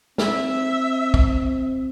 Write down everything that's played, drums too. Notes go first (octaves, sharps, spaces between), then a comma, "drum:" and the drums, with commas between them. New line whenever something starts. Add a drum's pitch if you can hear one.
C4 E5, drum: snare
drum: kick